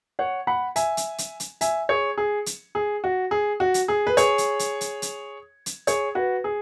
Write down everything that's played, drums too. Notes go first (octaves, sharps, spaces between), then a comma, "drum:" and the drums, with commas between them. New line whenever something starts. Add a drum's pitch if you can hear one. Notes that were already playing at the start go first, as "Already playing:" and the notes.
C#5 F#5
F#5 B5
E5 G#5, drum: hi-hat
drum: hi-hat
drum: hi-hat
drum: hi-hat
E5 G#5, drum: hi-hat
G#4 C#5
G#4
drum: hi-hat
G#4
F#4
G#4
F#4
drum: hi-hat
G#4
B4
G#4 C#5, drum: hi-hat
drum: hi-hat
drum: hi-hat
drum: hi-hat
drum: hi-hat
drum: hi-hat
G#4 C#5, drum: hi-hat
F#4 B4
G#4